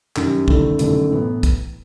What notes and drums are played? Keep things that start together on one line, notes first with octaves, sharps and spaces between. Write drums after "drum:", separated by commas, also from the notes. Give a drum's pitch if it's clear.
F#2 D#3 G3, drum: clap
G1 F#2 D#3 A3 E4, drum: kick
G1 F#2 D#3 A3 E4, drum: hi-hat
A2 E3 B3
drum: kick, hi-hat